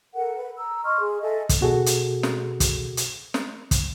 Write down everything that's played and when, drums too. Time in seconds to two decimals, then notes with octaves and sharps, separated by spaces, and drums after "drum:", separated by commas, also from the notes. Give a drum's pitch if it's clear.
0.14 A4 A#4 F#5
0.35 B4
0.57 A#5 E6
0.84 D#5 C6 C#6 F6
0.99 G#4
1.21 A4 D#5 E5 G#5
1.49 drum: kick, hi-hat
1.61 B2 F#4 G#4 A4
1.86 drum: hi-hat
2.23 drum: snare
2.60 drum: kick, hi-hat
2.97 drum: hi-hat
3.34 drum: snare
3.71 drum: kick, hi-hat